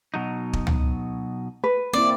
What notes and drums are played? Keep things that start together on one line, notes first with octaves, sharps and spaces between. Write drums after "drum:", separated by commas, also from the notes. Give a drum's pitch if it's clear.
B2 F#3 D#4
drum: kick
drum: tom
B4
A#3 C4 E4 D5